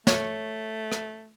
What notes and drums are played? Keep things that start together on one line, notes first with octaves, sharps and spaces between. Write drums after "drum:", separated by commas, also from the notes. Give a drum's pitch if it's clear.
A3 C#5, drum: snare
drum: rim click